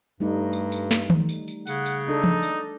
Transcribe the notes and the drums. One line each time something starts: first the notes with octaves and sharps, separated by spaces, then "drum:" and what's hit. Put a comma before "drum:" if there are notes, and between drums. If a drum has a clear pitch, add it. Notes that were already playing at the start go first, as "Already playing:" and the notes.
G2 G3 A3 D#4
drum: tambourine
drum: tambourine
drum: snare
drum: tom D#3
drum: tambourine
drum: tambourine
C#3 F#5, drum: tambourine
drum: tambourine
D4 D#4 A4
drum: tom
drum: tambourine